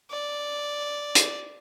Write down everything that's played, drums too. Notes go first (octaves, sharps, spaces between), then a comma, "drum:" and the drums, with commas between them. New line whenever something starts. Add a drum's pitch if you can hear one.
D5
drum: hi-hat